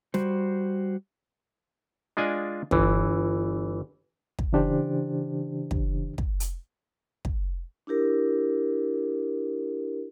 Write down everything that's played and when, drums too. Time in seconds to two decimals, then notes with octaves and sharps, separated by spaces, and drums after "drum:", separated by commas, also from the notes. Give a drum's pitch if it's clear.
0.14 G3 F#4 C5, drum: snare
2.17 G#3 D4 F4 D5 D#5 G#5
2.71 G1 E3, drum: kick
4.39 drum: kick
4.53 C#3 E3 D4 G4 C5
5.71 drum: kick
6.18 drum: kick
6.40 drum: hi-hat
7.25 drum: kick
7.87 D4 E4 G4 A#4